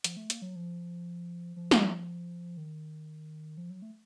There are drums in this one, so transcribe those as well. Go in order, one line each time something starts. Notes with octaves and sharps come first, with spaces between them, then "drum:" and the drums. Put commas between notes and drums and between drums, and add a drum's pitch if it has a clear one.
F3, drum: hi-hat
A3
A#3, drum: hi-hat
F#3
F3
F3
drum: snare
D#3
F3
F#3
A3